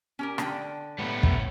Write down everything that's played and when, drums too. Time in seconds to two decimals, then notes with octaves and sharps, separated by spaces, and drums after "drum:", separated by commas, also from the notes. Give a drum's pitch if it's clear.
0.19 C#4 G4 A#4
0.38 D3 G5, drum: rim click
0.99 A2 G3 A3 B3
1.23 drum: kick